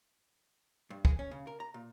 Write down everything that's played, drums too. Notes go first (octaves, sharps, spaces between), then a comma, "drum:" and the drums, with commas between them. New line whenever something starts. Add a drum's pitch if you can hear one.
G2
G#4, drum: kick
C#4
C#3
A#4
A#5
A#2